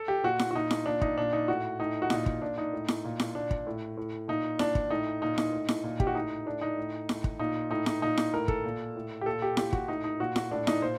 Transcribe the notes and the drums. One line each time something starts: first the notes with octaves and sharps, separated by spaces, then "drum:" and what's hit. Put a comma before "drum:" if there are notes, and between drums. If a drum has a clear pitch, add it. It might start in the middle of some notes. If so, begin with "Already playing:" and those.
Already playing: A4
G4
A#2 F#4
drum: snare E4
F#4
A#2 D#4
drum: snare E4
A#2 D4
D#4, drum: kick
A#2 D4
D#4
A2 F#4
A2 D#4
F#4
A#2 D#4, drum: snare E4
drum: kick
A#2 D4
D#4
A2
drum: snare E4
A#2
drum: snare E4
A#2 D4
drum: kick
A2
A2
A#2 D#4
A#2 D4, drum: snare E4
drum: kick
A2 D#4
A#2 D#4
D#4, drum: snare E4
A2
drum: snare E4
A#2
G4, drum: kick
F#4
A2 D#4
A2 D4
D#4
A2
A2, drum: snare E4
drum: kick
A#2 D#4
A2 D#4
D#4, drum: snare E4
A#2 D#4
drum: snare E4
A2 A#4
A4, drum: kick
A#2
A2
G4
A#2 A4
G4
A#2 G4, drum: snare E4
F#4, drum: kick
A2 D#4
D#4
A#2 F#4
F#4, drum: snare E4
A2 D4
D#4, drum: snare E4
A#2 C5